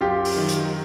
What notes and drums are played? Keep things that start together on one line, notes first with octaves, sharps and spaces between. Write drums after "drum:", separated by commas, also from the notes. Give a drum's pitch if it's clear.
F#2 F4 G4
drum: open hi-hat
D#3 F#3
drum: hi-hat